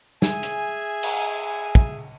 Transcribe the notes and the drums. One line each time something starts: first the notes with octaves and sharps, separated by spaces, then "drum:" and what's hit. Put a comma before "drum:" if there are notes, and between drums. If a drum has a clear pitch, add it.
G#4 E5 G#5, drum: snare
drum: hi-hat
drum: cymbal
drum: kick